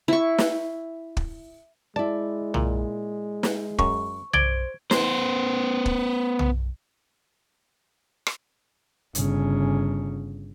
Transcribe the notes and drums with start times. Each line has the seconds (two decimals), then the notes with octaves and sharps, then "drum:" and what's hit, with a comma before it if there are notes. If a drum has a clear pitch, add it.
0.08 E4 C#6
0.38 drum: snare
1.17 drum: kick
1.96 G#3 E4 D5 A5
2.54 A#2, drum: tom B1
3.43 drum: snare
3.79 F#2 C#6, drum: kick
4.33 C5 D5 G#6 D7 G7, drum: tom B1
4.91 B3 C5, drum: snare
5.86 drum: kick
6.39 drum: tom B1
8.27 drum: rim click
9.15 G1 C#3, drum: hi-hat